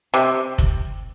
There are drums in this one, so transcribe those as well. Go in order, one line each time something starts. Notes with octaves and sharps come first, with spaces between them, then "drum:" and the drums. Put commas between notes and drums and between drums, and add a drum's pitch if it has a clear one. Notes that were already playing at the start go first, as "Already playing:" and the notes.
C3
drum: kick F1